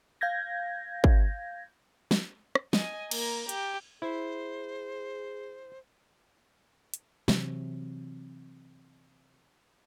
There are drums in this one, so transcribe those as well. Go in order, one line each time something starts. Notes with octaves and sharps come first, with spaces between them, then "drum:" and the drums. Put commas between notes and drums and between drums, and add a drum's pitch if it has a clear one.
F5 G6 G#6 A#6
drum: kick
drum: snare
drum: rim click
D#5 G#5, drum: snare
A#3 A#5, drum: cymbal
G4, drum: hi-hat
E4 G#4 C5
drum: hi-hat
C3 E3 F#3, drum: snare